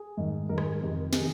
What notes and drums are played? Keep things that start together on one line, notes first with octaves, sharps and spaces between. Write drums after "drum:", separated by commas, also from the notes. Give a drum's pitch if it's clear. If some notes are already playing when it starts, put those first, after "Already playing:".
Already playing: G#4
G#2 D#3
G#2 D#3 A#4
G#4, drum: rim click
A#4
F2 C3 D#3
C3 D#3 G#4, drum: snare